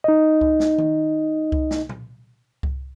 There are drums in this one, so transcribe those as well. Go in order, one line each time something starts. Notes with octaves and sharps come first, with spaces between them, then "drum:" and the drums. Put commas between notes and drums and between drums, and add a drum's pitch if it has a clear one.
D#4 D#5
drum: kick C2
drum: snare
drum: tom D#3
drum: kick C2
drum: snare
drum: tom A#2
drum: kick C2